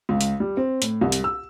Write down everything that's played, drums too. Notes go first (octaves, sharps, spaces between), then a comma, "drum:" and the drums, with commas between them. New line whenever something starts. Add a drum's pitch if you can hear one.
C#2
drum: hi-hat
G3
C4
A2, drum: hi-hat
C2
drum: hi-hat
E6